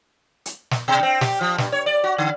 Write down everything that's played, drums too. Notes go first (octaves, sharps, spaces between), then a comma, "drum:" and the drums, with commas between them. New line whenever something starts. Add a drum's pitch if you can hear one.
drum: hi-hat
drum: snare
B2
C4
G4, drum: snare
F3
G2, drum: snare
C#5
D5
F#4
D3